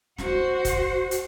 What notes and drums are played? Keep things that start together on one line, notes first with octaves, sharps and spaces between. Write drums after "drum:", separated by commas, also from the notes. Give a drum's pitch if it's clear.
F#4 C5, drum: snare
drum: kick, hi-hat
drum: hi-hat